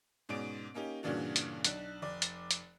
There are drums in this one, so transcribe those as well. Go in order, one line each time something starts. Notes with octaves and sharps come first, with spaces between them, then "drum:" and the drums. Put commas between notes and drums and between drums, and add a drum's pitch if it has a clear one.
G#2 B2 C#4 D5 D7
A#3 C#4 D#4 G4
G2 A#2 C#3 E3 D4 F#4
drum: hi-hat
B1 D4 F#6, drum: hi-hat
F1 D5
drum: hi-hat
drum: hi-hat